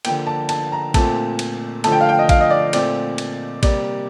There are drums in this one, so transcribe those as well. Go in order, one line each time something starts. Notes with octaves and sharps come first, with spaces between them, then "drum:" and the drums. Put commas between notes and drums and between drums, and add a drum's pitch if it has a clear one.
D3 F3 A#3 G5, drum: cymbal
A5
A5, drum: cymbal
A#5
A#2 A3 C4 A5, drum: kick A#1, cymbal
drum: cymbal
D3 F3 A3 A5, drum: cymbal
G5
F5
G5
D#5
F5, drum: kick A#1, cymbal
D#5
D5
A#2 A3 C4 D5, drum: cymbal
drum: cymbal
C3 G3 A#3 D5, drum: kick A#1, cymbal